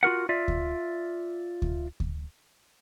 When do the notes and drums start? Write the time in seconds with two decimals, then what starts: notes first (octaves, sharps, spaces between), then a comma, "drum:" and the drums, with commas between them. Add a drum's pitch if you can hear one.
0.03 F4 F#4 A#4 F#5
0.29 F4 D5 E5
0.48 drum: kick D2
1.62 drum: kick D2
2.00 drum: kick D2